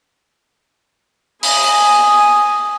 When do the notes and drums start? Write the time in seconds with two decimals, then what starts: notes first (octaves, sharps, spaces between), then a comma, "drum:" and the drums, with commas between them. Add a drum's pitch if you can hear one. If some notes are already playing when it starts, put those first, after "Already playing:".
1.43 G#5 D#6, drum: open hi-hat